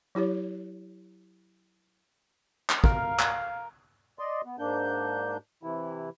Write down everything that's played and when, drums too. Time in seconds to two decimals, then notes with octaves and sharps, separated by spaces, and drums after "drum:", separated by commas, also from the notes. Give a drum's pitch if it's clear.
0.15 F#3 E4 G4 C#5
2.70 drum: clap
2.84 A#4 F5, drum: kick
3.19 drum: clap
4.19 D5 D#5 C6
4.45 B3
4.59 G#2 A#3 D4 G6
5.63 C3 E3 E4